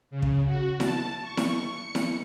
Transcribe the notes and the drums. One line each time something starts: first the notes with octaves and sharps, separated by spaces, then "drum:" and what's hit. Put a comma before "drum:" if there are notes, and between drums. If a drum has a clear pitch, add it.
C#3
drum: kick
F#4
A5, drum: snare E4
C#6
drum: snare E4
C#7
drum: snare E4